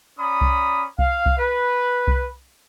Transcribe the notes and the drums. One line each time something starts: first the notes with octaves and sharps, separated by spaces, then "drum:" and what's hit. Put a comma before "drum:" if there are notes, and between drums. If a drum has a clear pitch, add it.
C#4 D5 A#5 B5 D#6
drum: kick C2
F5, drum: kick C2
drum: kick C2
B4
drum: kick C2